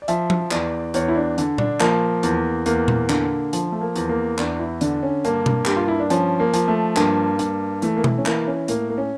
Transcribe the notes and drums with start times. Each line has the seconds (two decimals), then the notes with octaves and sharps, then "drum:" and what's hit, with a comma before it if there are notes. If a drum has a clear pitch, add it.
0.02 D5
0.08 F3 E5, drum: hi-hat
0.30 drum: tom F3
0.51 E2 D5, drum: clap
0.94 E2 C#5, drum: hi-hat
1.08 E4
1.16 D4
1.38 D3, drum: hi-hat
1.58 D4, drum: tom A#2
1.80 F3 A#3, drum: clap
2.23 E2, drum: hi-hat
2.66 E2 A#3, drum: hi-hat
2.88 drum: tom A#2
3.09 D3, drum: clap
3.53 F3, drum: hi-hat
3.72 A3
3.81 A#3
3.96 E2, drum: hi-hat
4.09 A#3
4.38 E2 D4, drum: clap
4.60 E4
4.81 D3 D4, drum: hi-hat
5.03 C#4
5.25 G2 A#3, drum: hi-hat
5.46 drum: tom B2
5.65 G2 G4, drum: clap
5.76 F4
5.88 E4
5.99 D4
6.10 F3 C#4, drum: hi-hat
6.40 A#3
6.54 F3, drum: hi-hat
6.68 A3
6.96 G2 A#3, drum: clap
7.39 G2, drum: hi-hat
7.82 E3 A3, drum: hi-hat
7.97 A#3
8.04 A3, drum: tom B2
8.18 C#4
8.26 E3 A#3, drum: clap
8.48 C#4
8.68 A2 A#3, drum: hi-hat
8.90 A#3
8.98 C#4